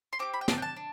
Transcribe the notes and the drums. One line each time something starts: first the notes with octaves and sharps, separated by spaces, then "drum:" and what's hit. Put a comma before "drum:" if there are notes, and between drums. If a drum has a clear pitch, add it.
C6
C4 G4 D6
B5
G5
D4 G4 A5, drum: snare
G5
A5
D4